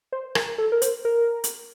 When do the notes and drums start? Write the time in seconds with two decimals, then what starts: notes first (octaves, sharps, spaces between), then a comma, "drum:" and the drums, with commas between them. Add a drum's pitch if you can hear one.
0.12 C5
0.35 A#4, drum: rim click
0.58 A4
0.72 A#4
0.82 C5, drum: hi-hat
1.05 A#4
1.44 drum: hi-hat